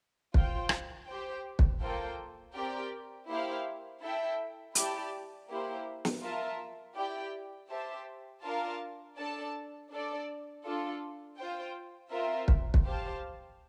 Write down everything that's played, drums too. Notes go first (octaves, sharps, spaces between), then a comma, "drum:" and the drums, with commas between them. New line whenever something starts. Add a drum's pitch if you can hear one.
F4 C5 G5, drum: kick
drum: rim click
G4 C5 G5
drum: kick
A#3 F4 A4 C5 G5
C4 G4 A#4 D5 G5
A#3 E4 G4 C5 F5
E4 A4 E5 G5
E4 G4 D5 A5, drum: hi-hat
A#3 E4 G4 C5
drum: snare
F4 A#4 E5 A5
E4 G4 D5 G5
G4 C5 E5 A5
D4 F4 A#4 F5 A5
D4 A4 D5 A5
D4 A4 D5
D4 F4 A4
F4 C5 G5
C4 F4 A#4 E5
drum: kick
drum: kick
G4 C5 F5 A5